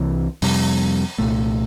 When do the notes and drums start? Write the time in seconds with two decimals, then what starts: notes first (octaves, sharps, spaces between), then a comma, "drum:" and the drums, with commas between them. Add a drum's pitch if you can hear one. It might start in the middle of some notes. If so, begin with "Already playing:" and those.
Already playing: C2 C3 E3
0.42 F2 C3 G3, drum: open hi-hat
1.18 C2 A#2 A3